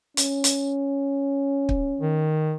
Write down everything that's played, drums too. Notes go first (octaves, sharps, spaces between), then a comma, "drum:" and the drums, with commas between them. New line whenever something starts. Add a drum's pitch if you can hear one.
C#4, drum: hi-hat
drum: hi-hat
drum: kick
D#3